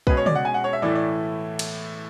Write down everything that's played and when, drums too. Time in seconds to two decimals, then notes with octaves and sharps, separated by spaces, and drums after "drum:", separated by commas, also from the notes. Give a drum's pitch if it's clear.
0.07 B2 G#3 C#4 G#4 B4, drum: kick B1
0.17 C#5
0.26 D5, drum: tom
0.35 F#5
0.45 G#5
0.54 F#5
0.64 C#5
0.73 E5
0.82 A2 E3 A3 E4 D5
0.95 D5
1.59 drum: cymbal